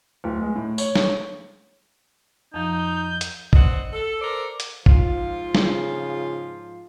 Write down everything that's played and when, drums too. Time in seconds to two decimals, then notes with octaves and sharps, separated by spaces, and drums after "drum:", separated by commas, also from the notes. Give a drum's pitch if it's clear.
0.24 D1
0.42 G#3
0.56 A2
0.78 C#5, drum: tambourine
0.96 C#5, drum: snare
2.54 F2 F3 D#4 G6
3.21 drum: hi-hat
3.53 G2 C4 D#5 F#5, drum: kick A#1
3.93 A4
4.21 A4 A#4 C5 D5
4.60 drum: hi-hat
4.86 G#2 F3 F4, drum: kick A#1
5.55 C#3, drum: snare